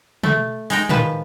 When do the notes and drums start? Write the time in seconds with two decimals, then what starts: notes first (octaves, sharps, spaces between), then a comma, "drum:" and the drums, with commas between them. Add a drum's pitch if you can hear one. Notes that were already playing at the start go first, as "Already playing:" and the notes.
0.23 A3, drum: tom
0.70 G#3 D#4 G5, drum: open hi-hat
0.89 D#3 F3 B4, drum: tom